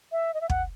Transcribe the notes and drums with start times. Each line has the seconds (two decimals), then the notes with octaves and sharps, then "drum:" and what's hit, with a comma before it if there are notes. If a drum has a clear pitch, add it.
0.12 E5
0.34 D#5
0.41 E5
0.50 F#5, drum: kick